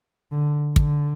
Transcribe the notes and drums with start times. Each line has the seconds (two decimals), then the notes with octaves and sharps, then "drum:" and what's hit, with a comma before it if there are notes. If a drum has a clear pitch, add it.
0.32 D3
0.76 D3, drum: kick